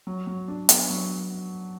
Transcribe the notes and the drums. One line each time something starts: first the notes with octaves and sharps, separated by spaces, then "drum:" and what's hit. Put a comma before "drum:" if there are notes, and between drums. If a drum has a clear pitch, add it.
F#3
F#3
D4
B3, drum: hi-hat
F#3